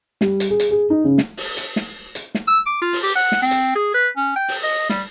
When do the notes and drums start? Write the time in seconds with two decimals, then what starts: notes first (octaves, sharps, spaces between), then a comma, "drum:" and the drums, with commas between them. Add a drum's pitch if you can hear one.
0.21 G3, drum: snare
0.40 drum: hi-hat
0.50 G#4
0.60 drum: hi-hat
0.71 G#4
0.90 D#4
1.04 C#3
1.18 drum: snare
1.37 drum: open hi-hat
1.57 drum: hi-hat
1.76 drum: snare
2.15 drum: hi-hat
2.35 drum: snare
2.47 E6
2.66 D6
2.82 F4
2.93 drum: open hi-hat
3.03 G4
3.15 F#5
3.32 drum: snare
3.42 C4
3.51 drum: hi-hat
3.75 G#4
3.94 B4
4.16 C#4
4.36 G5
4.48 drum: open hi-hat
4.63 D#5
4.89 G3, drum: snare